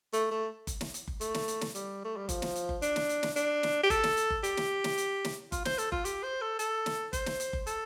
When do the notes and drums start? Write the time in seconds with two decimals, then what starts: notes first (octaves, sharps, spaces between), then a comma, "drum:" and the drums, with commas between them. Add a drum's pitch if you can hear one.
0.13 A3, drum: hi-hat
0.31 A3
0.67 drum: kick F#1, hi-hat
0.81 drum: snare
0.94 drum: hi-hat
1.08 drum: kick F#1
1.21 A3, drum: hi-hat
1.34 drum: snare
1.48 drum: hi-hat
1.61 drum: snare
1.75 G3, drum: hi-hat
2.05 A3
2.17 G3
2.29 F3, drum: kick F#1, hi-hat
2.42 drum: snare
2.55 drum: hi-hat
2.69 drum: kick F#1
2.82 D4, drum: hi-hat
2.96 drum: snare
3.09 drum: hi-hat
3.23 drum: snare
3.36 D4, drum: hi-hat
3.63 drum: snare
3.83 G4
3.90 A4, drum: kick F#1, hi-hat
4.03 drum: snare
4.17 drum: hi-hat
4.30 drum: kick F#1
4.44 G4, drum: hi-hat
4.57 drum: snare
4.84 drum: snare
4.98 drum: hi-hat
5.25 drum: snare
5.52 F4, drum: kick F#1, hi-hat
5.65 C5, drum: snare
5.78 A4, drum: hi-hat
5.92 F4, drum: kick F#1
6.05 G4, drum: hi-hat
6.23 C5
6.41 A4
6.59 A4, drum: hi-hat
6.86 drum: snare
7.13 C5, drum: kick F#1, hi-hat
7.26 drum: snare
7.40 drum: hi-hat
7.53 drum: kick F#1
7.67 A4, drum: hi-hat